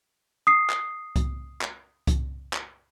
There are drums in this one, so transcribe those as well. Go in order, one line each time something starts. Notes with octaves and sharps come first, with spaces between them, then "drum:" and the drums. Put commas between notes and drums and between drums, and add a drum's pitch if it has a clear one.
D#6 C7
drum: clap
drum: kick C2, hi-hat
drum: clap
drum: kick C2, hi-hat
drum: clap